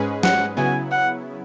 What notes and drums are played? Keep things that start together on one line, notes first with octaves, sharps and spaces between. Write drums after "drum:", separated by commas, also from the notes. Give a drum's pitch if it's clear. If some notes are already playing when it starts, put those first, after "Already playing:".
Already playing: G#2 G#3 C#4 G#4 B4
F#5, drum: snare
C#3 F#3 B3 E4 G#5
F#5